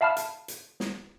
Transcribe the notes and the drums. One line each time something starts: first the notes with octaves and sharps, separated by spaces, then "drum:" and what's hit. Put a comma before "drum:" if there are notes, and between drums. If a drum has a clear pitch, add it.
E5 F5 A5 B5 F6
drum: hi-hat
drum: hi-hat
drum: snare